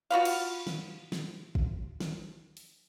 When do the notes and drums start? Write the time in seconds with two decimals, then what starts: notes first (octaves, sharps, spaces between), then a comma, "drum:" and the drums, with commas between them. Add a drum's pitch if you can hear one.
0.10 F4 F#4 B4 F5
0.25 drum: cymbal
0.67 drum: snare
1.12 drum: snare
1.55 drum: kick
2.00 drum: snare
2.57 drum: open hi-hat